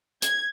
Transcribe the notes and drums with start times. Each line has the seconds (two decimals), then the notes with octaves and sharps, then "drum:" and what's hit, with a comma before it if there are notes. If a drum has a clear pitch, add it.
0.22 G#6, drum: hi-hat